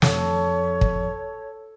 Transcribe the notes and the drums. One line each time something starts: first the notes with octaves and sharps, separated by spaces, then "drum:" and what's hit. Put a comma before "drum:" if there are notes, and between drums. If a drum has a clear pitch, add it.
F2 A4 C#5, drum: snare
drum: kick